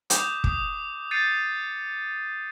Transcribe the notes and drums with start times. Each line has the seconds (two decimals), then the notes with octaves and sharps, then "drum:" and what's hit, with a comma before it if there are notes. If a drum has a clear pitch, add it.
0.10 D6 D#6 G6, drum: hi-hat
0.44 D#6, drum: kick
1.11 G6 A6 C7 C#7 D#7